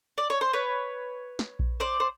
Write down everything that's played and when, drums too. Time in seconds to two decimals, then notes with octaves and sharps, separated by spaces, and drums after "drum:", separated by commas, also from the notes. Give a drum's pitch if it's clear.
0.18 D5
0.30 C#5
0.41 C5
0.53 B4 C#5
1.39 drum: snare
1.59 drum: kick A#1
1.80 C5 D5
2.00 C5